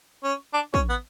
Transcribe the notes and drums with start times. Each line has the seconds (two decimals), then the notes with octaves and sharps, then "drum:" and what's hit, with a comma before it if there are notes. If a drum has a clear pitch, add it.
0.23 C#4
0.53 D4
0.74 C#4, drum: kick
0.89 B3